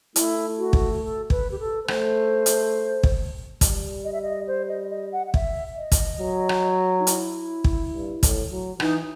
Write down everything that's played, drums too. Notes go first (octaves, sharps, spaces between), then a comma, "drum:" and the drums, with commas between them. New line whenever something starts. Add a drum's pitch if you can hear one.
A3 E4, drum: hi-hat
F#4
drum: kick
A4
B4, drum: kick
G4
A4
B4
A3 C5, drum: rim click
drum: hi-hat
drum: kick
G3, drum: kick, hi-hat
D#5
E5
D#5
C5
D#5
D#5
F#5
F#5
E5, drum: kick
D#5
drum: kick, hi-hat
F#3
drum: rim click
D#4
E4, drum: hi-hat
drum: kick
G2
A2, drum: kick, hi-hat
F#3
E3 D#4, drum: rim click